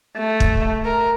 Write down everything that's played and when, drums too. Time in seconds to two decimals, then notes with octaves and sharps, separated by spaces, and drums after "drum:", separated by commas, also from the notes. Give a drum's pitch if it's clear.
0.18 A3
0.40 drum: kick
0.85 A#4